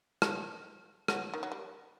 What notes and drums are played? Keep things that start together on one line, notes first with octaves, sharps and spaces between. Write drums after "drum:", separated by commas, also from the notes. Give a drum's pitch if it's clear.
F#3, drum: rim click
F#3, drum: rim click
D#3
F#3
G3